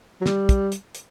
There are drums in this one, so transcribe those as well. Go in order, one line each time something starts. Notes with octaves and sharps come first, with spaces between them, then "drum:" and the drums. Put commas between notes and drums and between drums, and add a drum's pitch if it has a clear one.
F#3
G3, drum: snare
drum: kick, hi-hat
drum: hi-hat
drum: hi-hat